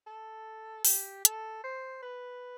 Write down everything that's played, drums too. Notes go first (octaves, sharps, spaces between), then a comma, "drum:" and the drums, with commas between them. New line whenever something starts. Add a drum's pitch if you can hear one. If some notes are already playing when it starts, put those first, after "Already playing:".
A4
G4, drum: open hi-hat
A4, drum: hi-hat
C5
B4